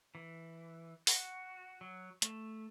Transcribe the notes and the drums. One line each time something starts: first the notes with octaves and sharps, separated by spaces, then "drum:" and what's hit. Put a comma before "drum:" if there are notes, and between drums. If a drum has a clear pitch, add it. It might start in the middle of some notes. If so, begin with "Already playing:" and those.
E3
F#4, drum: open hi-hat
F#3
A3, drum: hi-hat